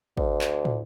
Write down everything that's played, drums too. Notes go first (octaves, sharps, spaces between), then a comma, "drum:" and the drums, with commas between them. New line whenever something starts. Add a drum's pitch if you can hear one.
D2, drum: kick
drum: clap
drum: tom